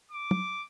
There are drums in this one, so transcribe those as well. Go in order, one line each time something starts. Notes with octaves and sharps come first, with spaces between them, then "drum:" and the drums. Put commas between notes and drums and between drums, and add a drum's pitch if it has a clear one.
D6
drum: tom